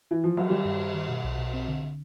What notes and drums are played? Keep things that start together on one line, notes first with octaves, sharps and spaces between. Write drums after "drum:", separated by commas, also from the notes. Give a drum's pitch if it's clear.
E3
F3
F#3, drum: cymbal
D#3 G3
G2
G2
D#3
B2
B1
B2
C4
D3
D3